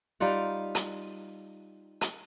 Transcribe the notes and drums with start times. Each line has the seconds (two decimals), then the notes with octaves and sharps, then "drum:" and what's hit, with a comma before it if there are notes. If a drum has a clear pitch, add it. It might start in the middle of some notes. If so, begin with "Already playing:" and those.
0.20 G3 D#4 F4 F#5
0.75 drum: hi-hat
2.01 drum: hi-hat